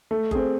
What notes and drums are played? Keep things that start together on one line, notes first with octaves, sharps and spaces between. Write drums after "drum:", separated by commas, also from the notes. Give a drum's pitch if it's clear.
A3
C4 G#4, drum: kick F#1